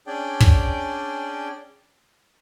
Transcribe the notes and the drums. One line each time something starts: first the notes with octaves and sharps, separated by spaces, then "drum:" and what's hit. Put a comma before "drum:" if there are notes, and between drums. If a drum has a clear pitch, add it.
C#4 D4 G#4 D5 G5
drum: kick